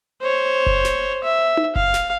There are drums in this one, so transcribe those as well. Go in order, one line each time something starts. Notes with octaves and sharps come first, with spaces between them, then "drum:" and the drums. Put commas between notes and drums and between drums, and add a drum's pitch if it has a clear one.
C5 C#5
drum: kick F#1
drum: snare
E5
drum: tom D#4
F5, drum: kick F#1
drum: snare